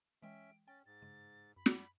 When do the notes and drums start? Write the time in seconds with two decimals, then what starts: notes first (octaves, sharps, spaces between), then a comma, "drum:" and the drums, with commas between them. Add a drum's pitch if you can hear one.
0.23 E3 G#3 C#4 E5 G5 D7
0.68 C#4 G5 A6
0.86 G#2 A6
1.02 G2 C#3 G#3
1.56 F#2 B5
1.66 drum: snare